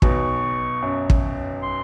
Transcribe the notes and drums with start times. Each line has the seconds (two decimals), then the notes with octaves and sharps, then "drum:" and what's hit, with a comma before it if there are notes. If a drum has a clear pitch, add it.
0.02 B1 B2 C#6, drum: kick
0.82 F#2
1.10 drum: kick
1.63 C6